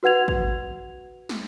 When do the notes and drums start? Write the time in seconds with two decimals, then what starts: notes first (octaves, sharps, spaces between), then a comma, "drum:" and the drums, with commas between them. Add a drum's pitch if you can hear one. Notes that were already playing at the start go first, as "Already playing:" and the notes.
0.03 F#4 B4 F#5 G#6 F7
0.28 drum: kick
1.29 drum: snare